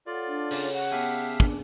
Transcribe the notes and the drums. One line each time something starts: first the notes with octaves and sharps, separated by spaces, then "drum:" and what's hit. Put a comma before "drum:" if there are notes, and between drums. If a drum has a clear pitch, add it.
F4 A4 C#5 D5 F#5
D4
C#3, drum: open hi-hat
F#5
B3 G4 E5 F5 G#5 A5
D4, drum: kick